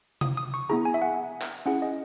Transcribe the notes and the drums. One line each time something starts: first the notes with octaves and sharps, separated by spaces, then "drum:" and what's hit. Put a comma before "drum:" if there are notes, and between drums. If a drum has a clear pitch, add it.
D#6, drum: tom C3
D#6
C#6
B3 E4 G#4 A#5
G#5
E5
F#5
drum: clap
C#4 E4 G#4 F#5
D#5